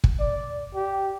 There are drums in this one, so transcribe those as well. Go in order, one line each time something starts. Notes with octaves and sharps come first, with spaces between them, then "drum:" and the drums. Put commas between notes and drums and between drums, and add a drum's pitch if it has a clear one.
drum: kick
D5
G4